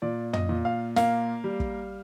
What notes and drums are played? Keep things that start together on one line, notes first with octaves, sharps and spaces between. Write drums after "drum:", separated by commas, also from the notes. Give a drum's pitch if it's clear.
A#2 D5
D#5, drum: tom
A#2
F5
A#3 F5, drum: snare
G3
drum: kick